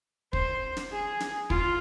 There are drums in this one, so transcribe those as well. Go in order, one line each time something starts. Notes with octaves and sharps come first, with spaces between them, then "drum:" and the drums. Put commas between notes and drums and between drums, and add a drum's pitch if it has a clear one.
C5, drum: kick
drum: snare
G#4
drum: snare
F4, drum: kick